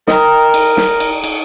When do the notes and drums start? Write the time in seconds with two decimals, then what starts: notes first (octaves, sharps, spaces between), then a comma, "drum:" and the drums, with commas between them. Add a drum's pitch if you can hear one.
0.07 A#4 D#5 G5 A#5, drum: snare
0.54 drum: cymbal
0.77 drum: snare
1.00 drum: cymbal
1.24 drum: cymbal